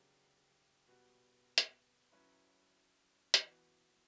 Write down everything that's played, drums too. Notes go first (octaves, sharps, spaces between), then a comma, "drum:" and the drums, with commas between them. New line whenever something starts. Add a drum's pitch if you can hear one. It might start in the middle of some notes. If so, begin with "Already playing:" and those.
Already playing: C#3 F#3 B3 D4 G4
B2 G3 B3 F#4
drum: hi-hat
F#3 C#4 E4 B4
E3 B3 F#4, drum: hi-hat